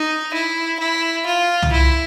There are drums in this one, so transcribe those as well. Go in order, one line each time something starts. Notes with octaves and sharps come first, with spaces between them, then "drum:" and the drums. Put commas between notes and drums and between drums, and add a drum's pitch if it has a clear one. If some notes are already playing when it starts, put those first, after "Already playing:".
Already playing: D#4
E4
E4
F4
drum: tom
E4